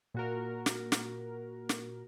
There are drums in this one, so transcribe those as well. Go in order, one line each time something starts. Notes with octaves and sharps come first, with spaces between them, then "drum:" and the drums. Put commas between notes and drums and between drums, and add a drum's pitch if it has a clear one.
A#2 F#4 A#4
drum: snare
drum: snare
drum: snare